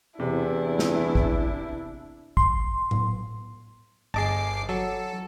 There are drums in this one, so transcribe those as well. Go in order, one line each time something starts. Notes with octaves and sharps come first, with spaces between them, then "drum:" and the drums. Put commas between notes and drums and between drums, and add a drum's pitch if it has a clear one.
E2 C3 D4 E4
drum: snare
drum: kick
C6, drum: kick
drum: tom A2
G1 G#4 D#5 A5 D6 C7
F#3 A4